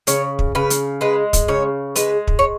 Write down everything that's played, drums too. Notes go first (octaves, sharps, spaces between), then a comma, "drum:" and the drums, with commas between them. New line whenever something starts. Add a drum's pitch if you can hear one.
C#3 C#5, drum: hi-hat
drum: kick
C#3 B4
drum: hi-hat
G#3 B4
drum: kick, hi-hat
C#3 C#5
G#3 B4, drum: hi-hat
drum: kick
C#5